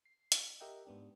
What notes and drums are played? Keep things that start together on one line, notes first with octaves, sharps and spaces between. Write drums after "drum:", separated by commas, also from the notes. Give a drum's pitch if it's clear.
C7
drum: hi-hat
G4 A#4 D#5 E5 F#5 G5
G#2 B3 D4 G4